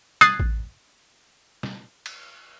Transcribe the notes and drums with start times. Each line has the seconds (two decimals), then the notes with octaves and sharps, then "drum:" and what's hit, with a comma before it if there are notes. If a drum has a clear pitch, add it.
0.21 D#6 F#6 G#6 A6 C7, drum: snare
0.40 drum: kick A1
1.63 drum: snare
2.06 drum: cymbal